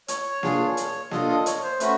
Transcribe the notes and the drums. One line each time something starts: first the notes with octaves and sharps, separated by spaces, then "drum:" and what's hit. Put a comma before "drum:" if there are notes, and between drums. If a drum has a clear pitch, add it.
C#5, drum: hi-hat
D4 F4 G#4, drum: snare A#3
drum: hi-hat
D4 F4 A4 D#5, drum: snare A#3
D#5
C#5, drum: hi-hat
C5
A3 C#4 F#4 B4, drum: hi-hat